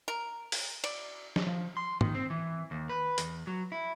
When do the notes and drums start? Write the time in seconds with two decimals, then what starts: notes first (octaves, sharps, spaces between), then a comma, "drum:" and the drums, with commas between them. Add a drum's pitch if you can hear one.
0.08 A#4
0.52 drum: open hi-hat
0.84 D5, drum: cymbal
1.36 drum: snare
1.47 F3
1.77 C6
2.01 D#3, drum: tom
2.15 C4
2.30 E3
2.71 D#2
2.89 B4
3.18 E2, drum: hi-hat
3.47 F#3
3.72 E4